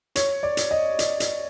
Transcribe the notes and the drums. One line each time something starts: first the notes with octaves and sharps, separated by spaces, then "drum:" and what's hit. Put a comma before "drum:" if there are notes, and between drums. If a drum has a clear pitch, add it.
C#5, drum: hi-hat
D5
drum: hi-hat
D#5
D5, drum: hi-hat
drum: hi-hat